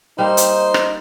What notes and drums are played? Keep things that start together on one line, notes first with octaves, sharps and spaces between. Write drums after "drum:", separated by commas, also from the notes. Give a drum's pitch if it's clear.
G3 A#3 D#4 C5
drum: hi-hat
drum: rim click